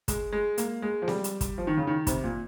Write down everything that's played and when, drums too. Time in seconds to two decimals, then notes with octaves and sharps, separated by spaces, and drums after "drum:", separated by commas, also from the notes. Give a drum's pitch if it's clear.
0.08 G#3, drum: kick, hi-hat
0.32 G#3
0.58 A#3, drum: hi-hat
0.82 G#3
1.02 F3
1.08 G3, drum: snare C4
1.24 drum: hi-hat
1.41 drum: kick, hi-hat
1.58 F3
1.67 D#3
1.77 C#3
1.87 D#3
2.07 C3, drum: kick, hi-hat
2.24 A#2